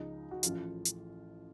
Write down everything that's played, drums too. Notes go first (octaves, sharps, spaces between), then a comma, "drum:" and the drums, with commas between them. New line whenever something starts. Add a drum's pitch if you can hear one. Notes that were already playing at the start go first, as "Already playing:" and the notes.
Already playing: C#2 C#3 F3 D#4
F#4
A1 A2 F3 F4, drum: hi-hat
drum: hi-hat